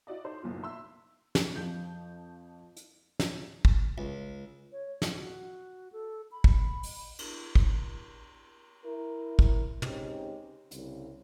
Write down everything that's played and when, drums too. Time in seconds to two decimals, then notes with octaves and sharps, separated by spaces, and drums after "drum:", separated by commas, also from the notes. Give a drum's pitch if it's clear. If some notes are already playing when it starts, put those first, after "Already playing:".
0.07 E4 F#4 D5 D#5
0.25 D#4 A4 C5
0.43 F#1 B1 B2 F4
0.63 E5 C6 E6
1.35 drum: snare
1.56 F2 F3 G6
2.77 drum: hi-hat
3.20 drum: snare
3.65 drum: kick
3.98 C#2
4.72 C#5
5.02 F4, drum: snare
5.18 F#4
5.92 A4
6.32 B5
6.44 drum: kick
6.83 drum: open hi-hat
7.19 drum: cymbal
7.55 drum: kick
8.84 E4 A#4
9.39 drum: kick
9.82 C#2 C4 C#4 D#4 G4, drum: tom
10.71 C2 C#3, drum: hi-hat